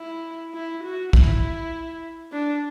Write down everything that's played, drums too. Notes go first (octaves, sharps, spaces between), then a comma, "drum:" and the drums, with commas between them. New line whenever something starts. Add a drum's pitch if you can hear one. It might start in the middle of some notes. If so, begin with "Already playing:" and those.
Already playing: E4
E4
F#4
E4, drum: kick
D4